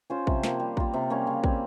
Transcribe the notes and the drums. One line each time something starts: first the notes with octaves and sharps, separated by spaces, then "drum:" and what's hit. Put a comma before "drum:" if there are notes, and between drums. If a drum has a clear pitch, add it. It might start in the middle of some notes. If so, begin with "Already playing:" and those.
C#4 F4 C5
C3, drum: kick
F3 A#3, drum: snare
G3
A#3 F4, drum: kick
C3
G3 A#3 C#4
C#3
G3 C4, drum: kick